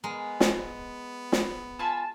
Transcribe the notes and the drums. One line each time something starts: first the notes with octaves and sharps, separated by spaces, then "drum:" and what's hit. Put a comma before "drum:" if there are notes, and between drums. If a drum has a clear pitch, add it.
G#3 B3 A#4
drum: snare
drum: snare
F4 G#5 A5 B5